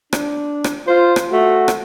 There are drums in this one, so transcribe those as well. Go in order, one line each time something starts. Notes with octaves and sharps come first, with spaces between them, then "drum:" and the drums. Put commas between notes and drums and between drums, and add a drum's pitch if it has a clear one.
D4, drum: rim click
drum: rim click
F4 C5
drum: rim click
A3 F#4
drum: rim click